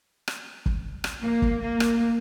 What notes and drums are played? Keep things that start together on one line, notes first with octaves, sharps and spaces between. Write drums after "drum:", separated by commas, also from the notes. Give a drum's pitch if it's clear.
drum: rim click
drum: kick
drum: rim click
A#3
drum: kick
A#3
drum: rim click